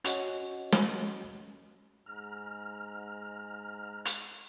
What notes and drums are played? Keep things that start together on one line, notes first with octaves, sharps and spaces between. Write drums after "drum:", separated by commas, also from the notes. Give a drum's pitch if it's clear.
C#4 F#4 C#5 D#5 F#5, drum: hi-hat
drum: snare
G#2 A#5 F6
drum: hi-hat